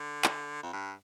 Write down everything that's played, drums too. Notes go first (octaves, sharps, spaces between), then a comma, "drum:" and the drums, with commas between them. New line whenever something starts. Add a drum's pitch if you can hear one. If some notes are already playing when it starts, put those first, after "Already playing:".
Already playing: D3
drum: clap
F2
G2